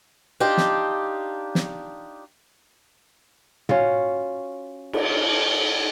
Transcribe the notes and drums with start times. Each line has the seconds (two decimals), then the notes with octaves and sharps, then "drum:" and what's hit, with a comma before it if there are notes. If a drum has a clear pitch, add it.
0.40 D4 D#4 F4 G4
0.57 drum: snare
1.55 drum: snare
3.69 C#4 F4 F#4, drum: tom
4.93 drum: cymbal